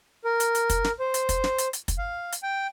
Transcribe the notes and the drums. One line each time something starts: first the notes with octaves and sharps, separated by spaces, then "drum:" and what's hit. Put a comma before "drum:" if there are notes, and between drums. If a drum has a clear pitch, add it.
A#4
drum: hi-hat
drum: hi-hat
drum: kick, hi-hat
drum: snare
C5
drum: hi-hat
drum: kick, hi-hat
drum: snare
drum: hi-hat
drum: hi-hat
drum: kick, hi-hat
F5
drum: hi-hat
G5